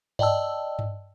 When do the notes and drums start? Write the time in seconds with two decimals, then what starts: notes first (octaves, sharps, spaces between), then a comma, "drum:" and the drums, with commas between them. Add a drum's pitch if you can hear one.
0.19 D5 D#5 G5 A5 E6, drum: tom G2
0.79 drum: tom G2